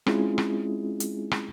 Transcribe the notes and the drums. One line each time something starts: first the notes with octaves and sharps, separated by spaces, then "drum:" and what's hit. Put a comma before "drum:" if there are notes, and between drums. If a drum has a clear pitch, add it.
G#3 C4 C#4 E4 F4 G#4, drum: rim click
drum: rim click
drum: hi-hat
drum: rim click